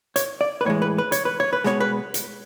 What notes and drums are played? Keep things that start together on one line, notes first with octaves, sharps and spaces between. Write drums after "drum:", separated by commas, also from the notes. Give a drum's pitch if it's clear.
C#5, drum: hi-hat
D5
B4
A2 E3 G#3 C#5
B4
B4
C#5, drum: hi-hat
B4
C#5
B4
B2 G#3 C#5, drum: snare
B4
drum: hi-hat